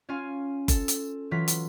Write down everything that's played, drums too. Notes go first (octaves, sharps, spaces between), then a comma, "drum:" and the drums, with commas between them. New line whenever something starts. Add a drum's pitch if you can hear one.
C#4 F4 F5 G#5
A4, drum: kick F#1, hi-hat
drum: hi-hat
E3 F#3 F4 B6
drum: hi-hat